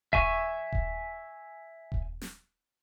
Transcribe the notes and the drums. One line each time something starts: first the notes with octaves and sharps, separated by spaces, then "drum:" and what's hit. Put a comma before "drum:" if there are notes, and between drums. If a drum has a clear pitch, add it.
E5 G#5 C#6, drum: kick D#1
drum: kick D#1
drum: kick D#1
drum: snare